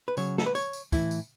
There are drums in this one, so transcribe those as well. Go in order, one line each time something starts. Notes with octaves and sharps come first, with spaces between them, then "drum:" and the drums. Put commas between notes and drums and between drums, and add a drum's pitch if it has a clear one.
B4
C#3 F#3 C#5, drum: tambourine
A4, drum: snare
B4
C#5, drum: tambourine
drum: tambourine
A2 E3 E4, drum: kick, tambourine
drum: tambourine